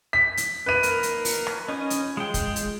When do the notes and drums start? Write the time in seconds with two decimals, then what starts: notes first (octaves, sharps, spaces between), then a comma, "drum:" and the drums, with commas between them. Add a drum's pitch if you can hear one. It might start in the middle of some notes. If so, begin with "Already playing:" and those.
0.13 B6
0.37 drum: hi-hat
0.66 B4 D#7
0.83 A#3 D#4 A#4, drum: hi-hat
1.03 drum: hi-hat
1.25 drum: open hi-hat
1.47 drum: rim click
1.68 C#4 D#4 F4 D#5
1.90 drum: hi-hat
2.17 G#3 F4 G#4 G5
2.34 drum: kick, hi-hat
2.56 drum: hi-hat